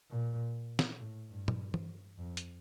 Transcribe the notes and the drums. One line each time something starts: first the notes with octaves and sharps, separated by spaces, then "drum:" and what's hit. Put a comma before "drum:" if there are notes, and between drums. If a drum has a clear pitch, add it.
A#2
drum: snare
A2
G2
drum: tom A#2
drum: tom E3
F2
drum: hi-hat